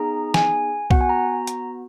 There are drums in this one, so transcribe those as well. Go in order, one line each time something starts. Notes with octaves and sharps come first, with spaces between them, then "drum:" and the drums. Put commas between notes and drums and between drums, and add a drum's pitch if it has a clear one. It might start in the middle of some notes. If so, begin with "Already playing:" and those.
Already playing: B3 D#4 G#4 A#5
G#5, drum: snare
B3 F#4 F#5, drum: kick B1
G#5
A#5
drum: hi-hat